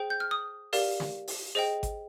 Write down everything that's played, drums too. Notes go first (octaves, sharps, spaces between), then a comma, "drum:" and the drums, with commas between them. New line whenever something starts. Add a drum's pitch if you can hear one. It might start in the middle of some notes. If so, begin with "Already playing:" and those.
Already playing: G#4 C5 G5
G6
F6
D#6
G4 A#4 D5 F5, drum: open hi-hat
drum: snare
drum: open hi-hat
G#4 C5 D#5 G5
drum: kick G#1, hi-hat